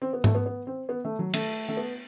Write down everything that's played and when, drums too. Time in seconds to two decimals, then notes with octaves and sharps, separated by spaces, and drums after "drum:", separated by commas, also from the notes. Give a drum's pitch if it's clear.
0.02 C4
0.13 B3
0.24 A3, drum: tom G#2
0.35 B3
0.46 B3
0.67 C4
0.89 B3
1.05 A3
1.19 F#3
1.34 A3, drum: cymbal
1.69 A3
1.77 B3